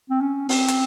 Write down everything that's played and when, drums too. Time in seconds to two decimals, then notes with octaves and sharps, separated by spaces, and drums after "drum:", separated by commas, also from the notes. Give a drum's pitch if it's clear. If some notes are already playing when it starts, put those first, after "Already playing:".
0.10 C4
0.21 C#4
0.49 C4, drum: open hi-hat
0.68 drum: hi-hat